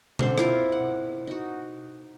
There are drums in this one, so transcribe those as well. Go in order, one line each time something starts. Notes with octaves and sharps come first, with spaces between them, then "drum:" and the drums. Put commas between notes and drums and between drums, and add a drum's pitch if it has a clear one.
D3 C4 A4 C5, drum: tom B2
E4 F4 A#4, drum: rim click
F#5
D#4 F#4